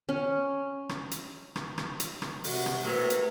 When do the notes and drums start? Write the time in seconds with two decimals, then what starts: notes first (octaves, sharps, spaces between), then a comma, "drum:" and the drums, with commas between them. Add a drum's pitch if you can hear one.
0.09 C#4
0.89 drum: rim click
1.11 drum: hi-hat
1.56 drum: rim click
1.78 drum: rim click
2.00 drum: hi-hat
2.22 drum: rim click
2.44 C3 F#4, drum: open hi-hat
2.66 drum: rim click
2.84 A2 C3 F#3 A3 A#3 G4 B4
3.10 drum: hi-hat